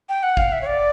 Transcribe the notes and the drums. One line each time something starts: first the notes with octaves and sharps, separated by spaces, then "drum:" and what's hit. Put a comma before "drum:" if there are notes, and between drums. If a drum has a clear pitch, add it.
G5
F#5
F5, drum: kick G#1
E5
C#5
D5